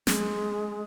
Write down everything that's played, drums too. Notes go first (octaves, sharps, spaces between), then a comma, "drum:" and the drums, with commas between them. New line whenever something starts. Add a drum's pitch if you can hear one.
G#3, drum: snare